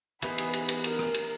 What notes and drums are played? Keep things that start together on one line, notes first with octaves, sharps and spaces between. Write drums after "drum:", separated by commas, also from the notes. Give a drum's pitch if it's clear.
E3 B3 D#4 G#4 B4, drum: cymbal
drum: cymbal
drum: cymbal
drum: cymbal
A#4, drum: cymbal
drum: rim click
drum: cymbal